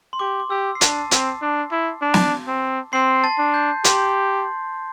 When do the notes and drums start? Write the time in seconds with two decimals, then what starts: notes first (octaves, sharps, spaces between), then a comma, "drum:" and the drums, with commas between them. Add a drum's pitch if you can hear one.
0.13 C6
0.19 G4 D6
0.40 D6
0.50 G4 E6
0.75 C7
0.81 D4 A5 A6, drum: hi-hat
1.11 C4, drum: hi-hat
1.42 D4
1.72 E4
2.02 D4
2.14 drum: snare
2.47 C4
2.93 C4 C6 C7
3.24 A5 A6
3.38 D4
3.54 G6
3.84 G4 C6, drum: hi-hat